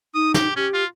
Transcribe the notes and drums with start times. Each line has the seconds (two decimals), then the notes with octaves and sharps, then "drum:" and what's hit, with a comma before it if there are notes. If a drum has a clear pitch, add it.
0.15 D#4 D#6
0.34 G4, drum: snare
0.56 C#4 G4
0.74 F4